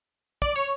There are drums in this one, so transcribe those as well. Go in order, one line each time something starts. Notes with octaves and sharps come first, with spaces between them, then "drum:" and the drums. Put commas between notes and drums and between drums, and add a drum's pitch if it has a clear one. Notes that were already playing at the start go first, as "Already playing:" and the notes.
D5, drum: kick
C#5